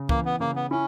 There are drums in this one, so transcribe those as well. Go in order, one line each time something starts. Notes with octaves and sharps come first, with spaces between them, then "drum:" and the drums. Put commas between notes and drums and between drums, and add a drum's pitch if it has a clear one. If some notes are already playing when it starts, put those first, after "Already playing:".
Already playing: C#3
E3 A#3, drum: kick C2
B3
C#3 A#3
B3
C#4 E4